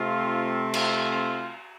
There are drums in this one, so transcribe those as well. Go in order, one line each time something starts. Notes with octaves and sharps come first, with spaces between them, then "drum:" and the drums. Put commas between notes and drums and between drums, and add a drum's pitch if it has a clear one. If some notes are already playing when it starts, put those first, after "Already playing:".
Already playing: C3 A3 C4 F4
F4, drum: cymbal